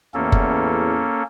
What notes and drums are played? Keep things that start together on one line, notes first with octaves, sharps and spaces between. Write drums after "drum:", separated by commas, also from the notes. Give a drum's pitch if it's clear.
A1 E2 A#3 C#4 A4
drum: kick F#1